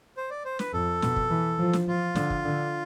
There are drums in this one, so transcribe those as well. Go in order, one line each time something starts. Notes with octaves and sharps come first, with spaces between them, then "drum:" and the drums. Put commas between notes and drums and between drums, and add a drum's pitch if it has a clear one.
C5
D5
C5
B4, drum: snare
F2 A4
B2, drum: snare
drum: kick
E3
F3
drum: snare
F3 F4
D3, drum: snare
drum: kick
D3